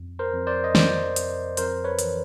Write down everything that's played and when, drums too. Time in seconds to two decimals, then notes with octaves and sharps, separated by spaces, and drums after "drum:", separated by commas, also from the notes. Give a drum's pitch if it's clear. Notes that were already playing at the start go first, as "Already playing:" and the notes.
Already playing: F2
0.19 A#4 C5
0.33 F2
0.47 C5 D5
0.64 D#5
0.75 C3 C5 D5, drum: snare
1.16 F2, drum: hi-hat
1.57 F2 A#4 C5, drum: hi-hat
1.84 B4 C#5
1.99 E3, drum: hi-hat